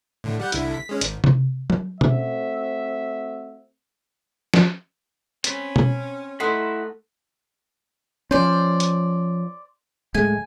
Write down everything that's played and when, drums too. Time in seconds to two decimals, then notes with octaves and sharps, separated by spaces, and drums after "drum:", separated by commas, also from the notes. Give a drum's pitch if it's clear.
0.24 A2 D3
0.39 G3 F#5 G6
0.52 C2 D3 E4, drum: hi-hat
0.74 B6
0.89 G#3 C#4
1.01 G#1, drum: hi-hat
1.24 drum: tom C3
1.70 drum: tom F#3
2.01 A3 C4 F#4 E5, drum: tom B2
4.54 drum: snare
5.44 C4 C#4 B5, drum: hi-hat
5.76 drum: tom B2
6.40 A3 D#4 E4 F#4 B5 C6
8.31 F3 C#4 C5 D5
8.80 drum: hi-hat
10.14 D1 G#3 A3 G#5